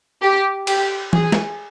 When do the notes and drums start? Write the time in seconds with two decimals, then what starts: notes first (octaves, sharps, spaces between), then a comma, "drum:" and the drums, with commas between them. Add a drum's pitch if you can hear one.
0.21 G4
0.67 G4, drum: cymbal
1.13 G#4, drum: tom E3
1.32 drum: snare